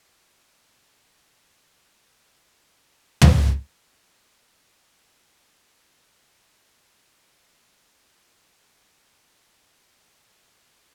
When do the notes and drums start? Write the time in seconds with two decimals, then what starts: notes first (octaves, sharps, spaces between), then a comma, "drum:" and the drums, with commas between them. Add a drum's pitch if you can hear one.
0.20 C4
1.74 F5 G5 A5 D#6 B6
3.22 drum: tom
3.83 A#5 D6
6.06 A3
6.20 G#5
6.34 F#4
6.47 F#5
6.61 D#5
6.77 G#5
6.91 A4
7.03 D4
7.18 G5
7.32 A5
8.71 B3 G#4
9.14 F#3 G#3 C4 A#4
9.57 C4 E4 G4 C#5
10.11 G3 A#3
10.48 B3 C4 A4 D5